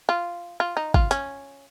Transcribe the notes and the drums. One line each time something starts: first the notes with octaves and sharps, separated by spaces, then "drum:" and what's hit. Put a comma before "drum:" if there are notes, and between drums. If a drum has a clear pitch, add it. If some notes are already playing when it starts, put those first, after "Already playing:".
F4
F4
D#4
F4, drum: kick
C#4, drum: hi-hat